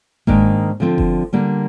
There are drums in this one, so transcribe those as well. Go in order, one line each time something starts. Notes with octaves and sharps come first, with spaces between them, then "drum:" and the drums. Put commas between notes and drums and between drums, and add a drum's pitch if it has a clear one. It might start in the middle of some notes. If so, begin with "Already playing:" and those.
G#2 D#3 A#3 D4, drum: kick F#1
D3 F3 C4
drum: kick F#1
D3 G3 A#3